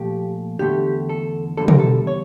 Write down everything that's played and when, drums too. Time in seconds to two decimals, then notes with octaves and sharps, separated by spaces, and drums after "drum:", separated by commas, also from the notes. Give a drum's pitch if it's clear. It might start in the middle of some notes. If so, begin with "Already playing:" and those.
Already playing: A#2 F3 A3 G4
0.59 E2 D3 A3 G4
1.09 A4
1.57 E2 D3 G3 A4
1.68 A#4, drum: tom
1.80 A4
2.07 C#5